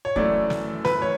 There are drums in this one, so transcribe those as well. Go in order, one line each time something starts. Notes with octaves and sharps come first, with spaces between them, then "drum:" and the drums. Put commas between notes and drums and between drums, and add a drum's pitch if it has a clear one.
C#5
F#2 E3 A3 D5, drum: kick
drum: snare
B4, drum: snare
C#5